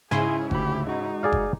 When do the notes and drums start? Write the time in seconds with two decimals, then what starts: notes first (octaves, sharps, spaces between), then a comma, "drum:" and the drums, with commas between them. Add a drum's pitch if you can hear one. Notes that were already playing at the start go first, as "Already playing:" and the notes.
0.11 G#2 C#3 C#4 E4 G#4 G#5 C6
0.51 D2 G4 B5, drum: kick F#1
0.87 G#3 D#4 F#4
1.23 G#4 D5 F5
1.32 drum: kick F#1